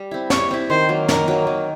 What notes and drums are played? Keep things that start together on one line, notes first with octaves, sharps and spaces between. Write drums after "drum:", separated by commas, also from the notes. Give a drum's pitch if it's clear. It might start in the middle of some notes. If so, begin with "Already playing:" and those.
Already playing: G3
C4 E4
G3 C#5, drum: snare
C4 E4
D#3 C5
F#3 A#3
D#3 A#4, drum: snare
F#3 A#3
D#3